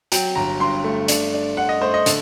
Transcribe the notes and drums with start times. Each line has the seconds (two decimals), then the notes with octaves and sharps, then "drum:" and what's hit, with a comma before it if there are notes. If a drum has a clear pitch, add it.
0.12 F#3 G5, drum: hi-hat
0.35 G1 A#5
0.60 G2 C6
0.84 A3
1.08 D4, drum: hi-hat
1.33 D4
1.57 D4 F#5
1.69 D#5
1.81 A3 C5
1.94 D#5
2.06 D3, drum: hi-hat